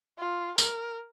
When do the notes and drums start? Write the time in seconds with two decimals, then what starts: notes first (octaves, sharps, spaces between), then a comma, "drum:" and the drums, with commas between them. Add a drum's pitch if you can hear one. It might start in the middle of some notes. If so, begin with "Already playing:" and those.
0.18 F4
0.58 A#4, drum: tambourine